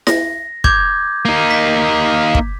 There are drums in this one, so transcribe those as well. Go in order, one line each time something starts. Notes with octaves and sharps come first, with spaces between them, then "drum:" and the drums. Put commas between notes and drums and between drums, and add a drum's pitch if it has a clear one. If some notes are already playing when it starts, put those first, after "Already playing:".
A#6, drum: snare E4
D6 G6 G#6, drum: kick
A#3 D#4
B6
drum: kick